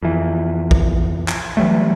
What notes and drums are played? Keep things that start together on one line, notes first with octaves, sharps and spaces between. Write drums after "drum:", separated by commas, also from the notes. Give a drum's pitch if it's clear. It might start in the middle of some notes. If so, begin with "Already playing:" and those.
F2 E3
drum: kick
drum: clap
E3 F#3 G3 A3